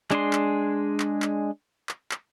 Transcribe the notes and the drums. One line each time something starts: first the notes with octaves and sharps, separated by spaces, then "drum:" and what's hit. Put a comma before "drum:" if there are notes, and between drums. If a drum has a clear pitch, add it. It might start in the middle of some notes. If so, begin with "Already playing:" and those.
G#3 D4 G#4 C6, drum: clap
drum: clap
drum: clap
drum: clap
drum: clap
drum: clap